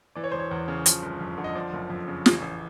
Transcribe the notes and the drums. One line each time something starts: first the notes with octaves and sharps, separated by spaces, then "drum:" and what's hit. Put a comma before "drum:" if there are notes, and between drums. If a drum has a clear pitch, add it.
E3 D5
C#5
E1 C5
C#5
E2
C#3
F3, drum: hi-hat
G1
F2
D3
D#5
F3 D5
F#1
F2
C#3
A1, drum: snare
A1